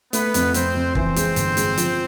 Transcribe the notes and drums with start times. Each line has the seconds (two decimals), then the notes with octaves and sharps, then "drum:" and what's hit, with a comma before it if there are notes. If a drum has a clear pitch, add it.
0.13 A3 B3 B4, drum: hi-hat
0.34 F2, drum: hi-hat
0.54 F2 C4 C5, drum: hi-hat
0.74 F2
0.95 E3 C4 C5, drum: kick
1.16 G#3, drum: hi-hat
1.36 G1, drum: hi-hat
1.57 G#3, drum: hi-hat
1.78 F3, drum: hi-hat